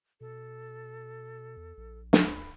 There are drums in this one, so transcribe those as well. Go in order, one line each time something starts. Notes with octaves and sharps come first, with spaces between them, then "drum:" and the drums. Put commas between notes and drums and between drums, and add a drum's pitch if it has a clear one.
B2 A4
E2
A#1
drum: snare
D2 B5